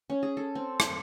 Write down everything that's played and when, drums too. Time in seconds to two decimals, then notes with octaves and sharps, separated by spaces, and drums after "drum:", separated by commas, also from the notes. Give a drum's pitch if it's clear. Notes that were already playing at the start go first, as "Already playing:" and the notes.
0.10 C#4
0.23 G#4
0.37 A4
0.55 C4
0.80 C6, drum: rim click